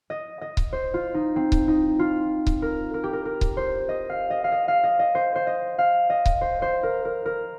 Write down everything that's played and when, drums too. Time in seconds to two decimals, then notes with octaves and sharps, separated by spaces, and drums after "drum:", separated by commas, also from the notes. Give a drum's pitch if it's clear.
0.10 D#5
0.41 D#5
0.57 drum: kick C#1
0.73 C5
0.94 F4
1.14 D#4
1.36 C4
1.52 drum: kick C#1
1.68 D#4
1.99 F4
2.47 drum: kick C#1
2.62 A#4
2.94 A#4
3.04 G4
3.13 A#4
3.25 A#4
3.41 drum: kick C#1
3.57 C5
3.89 D#5
4.10 F5
4.30 D#5
4.44 F5
4.52 D#5
4.68 F5
4.84 D#5
4.99 D#5
5.15 C5
5.35 C5
5.47 D#5
5.78 F5
6.10 D#5
6.26 drum: kick C#1
6.41 C5
6.62 C5
6.83 A#4
7.05 A#4
7.26 A#4